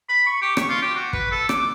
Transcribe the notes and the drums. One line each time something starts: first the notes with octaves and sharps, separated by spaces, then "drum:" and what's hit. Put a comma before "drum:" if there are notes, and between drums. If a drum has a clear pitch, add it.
B5
C#6
G4
C#6, drum: rim click
F4
G4
F#4
B4, drum: kick
A4
D6, drum: rim click